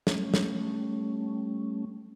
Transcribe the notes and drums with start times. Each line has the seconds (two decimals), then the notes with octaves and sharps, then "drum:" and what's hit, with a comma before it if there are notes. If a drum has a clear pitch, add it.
0.07 G3 A3 C#4, drum: snare
0.34 drum: snare